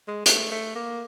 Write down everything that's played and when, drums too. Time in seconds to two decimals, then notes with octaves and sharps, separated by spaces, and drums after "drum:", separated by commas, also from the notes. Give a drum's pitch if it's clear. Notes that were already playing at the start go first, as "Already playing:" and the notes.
0.08 G#3
0.26 A3, drum: hi-hat
0.51 A3
0.75 A#3